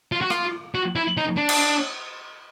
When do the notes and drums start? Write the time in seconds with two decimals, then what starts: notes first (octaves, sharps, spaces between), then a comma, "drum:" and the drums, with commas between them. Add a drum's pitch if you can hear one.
0.12 F4
0.21 F#4
0.30 F4, drum: rim click
0.75 F#4
0.96 E4
1.17 D#4
1.37 D4
1.49 drum: cymbal